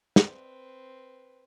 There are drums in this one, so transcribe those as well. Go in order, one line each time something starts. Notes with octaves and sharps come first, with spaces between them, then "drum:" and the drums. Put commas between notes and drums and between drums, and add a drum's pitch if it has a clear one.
C4 B4, drum: snare